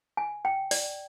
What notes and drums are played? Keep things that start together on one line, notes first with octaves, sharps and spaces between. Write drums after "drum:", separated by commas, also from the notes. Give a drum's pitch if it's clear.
G#5
G5
D5, drum: open hi-hat